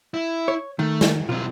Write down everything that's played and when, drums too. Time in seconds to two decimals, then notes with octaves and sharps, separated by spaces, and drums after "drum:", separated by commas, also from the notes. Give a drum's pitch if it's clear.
0.14 E4
0.48 C#5
0.79 D#3 A3
1.01 drum: snare
1.29 B1 C4 F4